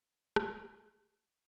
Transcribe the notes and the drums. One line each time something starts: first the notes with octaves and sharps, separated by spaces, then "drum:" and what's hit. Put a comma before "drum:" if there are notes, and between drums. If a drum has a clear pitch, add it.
G#2, drum: rim click